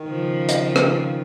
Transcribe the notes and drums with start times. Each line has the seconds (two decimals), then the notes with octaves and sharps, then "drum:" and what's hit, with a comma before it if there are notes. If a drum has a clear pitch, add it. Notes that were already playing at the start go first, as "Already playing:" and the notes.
Already playing: D#3
0.08 C#3 F3
0.49 drum: hi-hat
0.76 drum: rim click